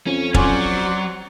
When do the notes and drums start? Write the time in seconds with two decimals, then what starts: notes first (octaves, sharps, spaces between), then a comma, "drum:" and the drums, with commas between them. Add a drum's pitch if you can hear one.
0.07 F2 C#4
0.34 F#3 C#4 C5 D5 F#5, drum: kick